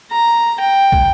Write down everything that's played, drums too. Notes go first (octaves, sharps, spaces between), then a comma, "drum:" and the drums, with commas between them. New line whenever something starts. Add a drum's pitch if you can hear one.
A#5
G5
drum: kick